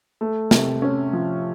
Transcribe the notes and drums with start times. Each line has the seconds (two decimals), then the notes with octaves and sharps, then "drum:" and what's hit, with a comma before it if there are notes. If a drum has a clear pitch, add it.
0.21 A3
0.51 C3, drum: snare
0.82 C#4
1.13 F3